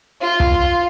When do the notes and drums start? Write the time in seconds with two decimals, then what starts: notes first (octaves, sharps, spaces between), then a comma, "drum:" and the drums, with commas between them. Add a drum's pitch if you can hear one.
0.21 F4
0.40 drum: kick